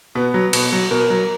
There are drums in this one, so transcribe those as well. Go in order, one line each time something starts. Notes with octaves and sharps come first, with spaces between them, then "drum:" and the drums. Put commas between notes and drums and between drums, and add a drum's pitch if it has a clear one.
B2 B3
F#3
B2, drum: cymbal
F#3
B2 A#4
F#3